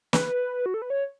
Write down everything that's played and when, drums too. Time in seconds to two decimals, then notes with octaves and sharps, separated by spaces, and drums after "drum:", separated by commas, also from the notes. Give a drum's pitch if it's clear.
0.13 B4, drum: snare
0.66 F#4
0.74 A4
0.82 B4
0.90 C#5